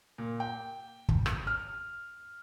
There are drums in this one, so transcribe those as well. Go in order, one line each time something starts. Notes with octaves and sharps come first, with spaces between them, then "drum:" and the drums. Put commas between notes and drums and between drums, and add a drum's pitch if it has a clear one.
A#2
G5
drum: kick
drum: rim click
F6